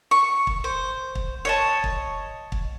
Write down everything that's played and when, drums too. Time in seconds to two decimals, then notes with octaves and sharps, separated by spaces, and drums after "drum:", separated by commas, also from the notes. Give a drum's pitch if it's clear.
0.11 C#6
0.47 drum: kick
0.64 C5
1.15 drum: kick
1.45 C#5 D#5 A5
1.84 drum: kick
2.52 drum: kick